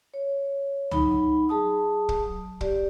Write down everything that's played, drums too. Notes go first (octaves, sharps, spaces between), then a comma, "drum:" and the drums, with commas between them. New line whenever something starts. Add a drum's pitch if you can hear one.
C#5
F#3 D#4 B5, drum: tom
F#3 G#4 A5 D#6
drum: kick
G4 D5, drum: kick